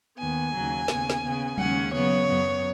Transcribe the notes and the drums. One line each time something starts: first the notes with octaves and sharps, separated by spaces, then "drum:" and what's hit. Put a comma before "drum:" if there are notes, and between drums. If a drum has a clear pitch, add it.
D#2 D#3 B3 G#5
D#2 C#3 F#3
D#2 C#3 B3, drum: snare
drum: snare
C#3 B3
D#2 C#3 G#3 C#4 F#5, drum: tom F#3
C#3 F#3 B3 C#5
F#2 F#3 B3